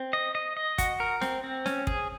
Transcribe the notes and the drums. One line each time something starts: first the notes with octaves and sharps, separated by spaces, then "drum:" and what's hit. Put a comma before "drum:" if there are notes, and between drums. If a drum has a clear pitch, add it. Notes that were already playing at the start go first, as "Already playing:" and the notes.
Already playing: C4
D#5
D#5
D#5
F#4, drum: kick, hi-hat
A#4
C4, drum: snare
C4
C#4, drum: snare
G#4, drum: kick